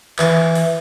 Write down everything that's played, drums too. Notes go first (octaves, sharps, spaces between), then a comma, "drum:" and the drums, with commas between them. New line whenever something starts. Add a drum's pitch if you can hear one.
E3, drum: clap
drum: open hi-hat